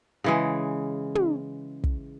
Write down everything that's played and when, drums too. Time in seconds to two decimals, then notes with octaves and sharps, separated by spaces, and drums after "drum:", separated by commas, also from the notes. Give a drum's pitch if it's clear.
0.24 C#3 E3 G#3
1.15 drum: tom
1.84 drum: kick